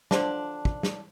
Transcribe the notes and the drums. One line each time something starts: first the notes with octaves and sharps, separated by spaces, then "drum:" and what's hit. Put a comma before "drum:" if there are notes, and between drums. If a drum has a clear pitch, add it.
D3 F3 D4, drum: snare
drum: kick
drum: snare